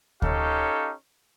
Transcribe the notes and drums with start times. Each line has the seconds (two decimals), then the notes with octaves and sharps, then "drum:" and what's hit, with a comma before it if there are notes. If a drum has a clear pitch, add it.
0.22 C#4 D#4 G4 A4 C#5 F5, drum: kick D2